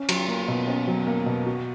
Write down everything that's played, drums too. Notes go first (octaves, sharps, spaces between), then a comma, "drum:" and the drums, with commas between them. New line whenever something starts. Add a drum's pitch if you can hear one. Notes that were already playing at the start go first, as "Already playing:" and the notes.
Already playing: C#4
F#3, drum: cymbal
A#3
B2
C#4
F#3
A#3
B2
F#4